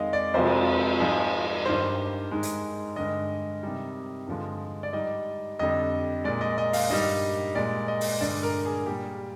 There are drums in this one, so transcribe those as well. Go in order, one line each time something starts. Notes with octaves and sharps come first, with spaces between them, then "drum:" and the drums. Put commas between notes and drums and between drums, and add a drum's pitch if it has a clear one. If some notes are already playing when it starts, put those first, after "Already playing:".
Already playing: F2 D#3 G#3 D#5 F5
D5
F2 C3 F3 G#3 C5, drum: cymbal
G#2 F3 G#3 G#4
G2 D#3 G3 C5
G#2 D#3 G#3
drum: hi-hat
G2 D3 G#3 D#5
C3 D#3 G3
G2 D3 F3 G#3
D5
G#2 G3 D#5
F2 D3 G3 D#5
A#2 G#3 D5
D#5
D#5
F5, drum: open hi-hat
G2 D#3 G3 D#5
A#2 G#3 D5
D#5
drum: open hi-hat
G2 D3 G#3 D5
A#4
G#4
A#2 G3 G4